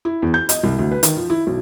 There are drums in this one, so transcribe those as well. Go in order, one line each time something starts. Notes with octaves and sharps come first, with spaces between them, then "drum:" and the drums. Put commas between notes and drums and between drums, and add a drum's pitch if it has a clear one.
E4
E2
G6
D#5, drum: hi-hat
C2
D2
B4
D#3, drum: hi-hat
F3
E4
B1